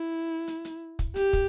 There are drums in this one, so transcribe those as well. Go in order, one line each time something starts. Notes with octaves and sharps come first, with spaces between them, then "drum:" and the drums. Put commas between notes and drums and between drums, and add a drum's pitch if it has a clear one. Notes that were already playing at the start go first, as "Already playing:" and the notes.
Already playing: E4
drum: hi-hat
drum: hi-hat
drum: kick, hi-hat
G4, drum: hi-hat
drum: kick, hi-hat